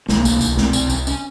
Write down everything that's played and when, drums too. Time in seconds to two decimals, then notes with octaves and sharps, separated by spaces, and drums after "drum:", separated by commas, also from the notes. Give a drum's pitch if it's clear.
0.08 C2 A#3, drum: snare
0.25 C2, drum: tambourine
0.41 C2, drum: tambourine
0.57 C2 C4, drum: snare
0.73 C2, drum: tambourine
0.90 C2, drum: tambourine
1.07 C#4, drum: tambourine